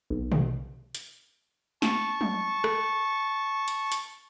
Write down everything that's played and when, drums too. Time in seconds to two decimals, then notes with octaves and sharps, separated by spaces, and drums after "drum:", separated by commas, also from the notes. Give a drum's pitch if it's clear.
0.10 B1
0.32 drum: tom B2
0.95 drum: hi-hat
1.82 A5 C#6, drum: snare
2.21 drum: tom F#3
2.64 drum: rim click
3.68 drum: hi-hat
3.92 drum: hi-hat